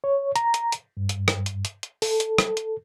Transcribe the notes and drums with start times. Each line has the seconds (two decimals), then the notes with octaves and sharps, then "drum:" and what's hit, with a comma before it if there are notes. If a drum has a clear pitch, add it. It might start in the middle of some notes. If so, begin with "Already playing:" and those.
0.04 C#5
0.36 A#5, drum: hi-hat
0.54 drum: hi-hat
0.72 drum: hi-hat
0.97 G2
1.09 drum: hi-hat
1.28 drum: rim click
1.46 drum: hi-hat
1.65 drum: hi-hat
1.83 drum: hi-hat
2.02 A4, drum: open hi-hat
2.20 drum: hi-hat
2.38 drum: rim click
2.57 drum: hi-hat